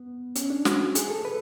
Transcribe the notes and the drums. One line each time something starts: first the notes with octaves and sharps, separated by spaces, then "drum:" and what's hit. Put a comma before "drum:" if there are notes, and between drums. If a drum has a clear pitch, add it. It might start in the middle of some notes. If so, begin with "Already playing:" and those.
Already playing: B3
C#4, drum: hi-hat
D4
F#4, drum: snare
G#4, drum: hi-hat
A4
B4